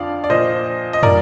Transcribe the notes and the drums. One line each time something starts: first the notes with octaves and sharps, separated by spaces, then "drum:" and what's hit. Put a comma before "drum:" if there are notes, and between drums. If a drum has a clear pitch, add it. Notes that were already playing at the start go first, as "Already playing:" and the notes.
Already playing: F2 D3 F3 D5 F5
D5
A#2 F3 C5 D#5
D#5
A#2 G3 A#4 D5, drum: tom